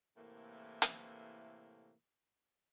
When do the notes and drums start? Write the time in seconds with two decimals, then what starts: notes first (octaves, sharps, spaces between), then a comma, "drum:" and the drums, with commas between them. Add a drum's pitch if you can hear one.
0.17 A2 C3 E3 A3 A#3
0.82 drum: hi-hat